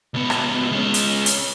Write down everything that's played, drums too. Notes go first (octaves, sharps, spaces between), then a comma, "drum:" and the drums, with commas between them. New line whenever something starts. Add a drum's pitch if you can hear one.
C#2 B3
drum: rim click
G#3 C#4
drum: hi-hat
drum: hi-hat